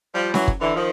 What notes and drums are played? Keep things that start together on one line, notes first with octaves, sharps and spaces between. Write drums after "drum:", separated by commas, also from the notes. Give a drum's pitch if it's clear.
F3 G3
E3 F#3, drum: snare C#4
drum: kick
D3 E3
D#3 F3